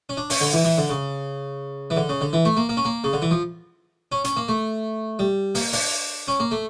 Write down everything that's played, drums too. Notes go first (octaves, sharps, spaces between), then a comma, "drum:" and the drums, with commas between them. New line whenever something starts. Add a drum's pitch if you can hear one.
C#4
D4
C#4, drum: open hi-hat
D3
E3
E3
D3
C#3
E3
D3
C#3
D3
E3
A3
A#3
A#3
C#4
A#3
C#3
D3
E3
F3
C#4
C#4, drum: hi-hat
A#3
A3
G3
A#3, drum: open hi-hat
D4, drum: open hi-hat
C#4
A#3
A3